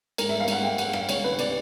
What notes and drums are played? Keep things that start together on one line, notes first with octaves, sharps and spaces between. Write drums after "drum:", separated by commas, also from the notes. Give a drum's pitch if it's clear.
G#2 A#4, drum: cymbal
G3 E5
F5
G#2 F#5, drum: cymbal
G3 G5
G3 F#5, drum: cymbal
G3 F5, drum: rim click
C#2 C#5, drum: cymbal
D#3 B4
C3 D5, drum: cymbal